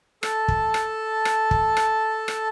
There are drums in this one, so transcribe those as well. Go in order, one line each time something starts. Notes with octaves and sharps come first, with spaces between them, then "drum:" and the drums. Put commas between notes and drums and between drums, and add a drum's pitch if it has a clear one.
A4 A5, drum: rim click
drum: kick
drum: rim click
drum: rim click
drum: kick
drum: rim click
drum: rim click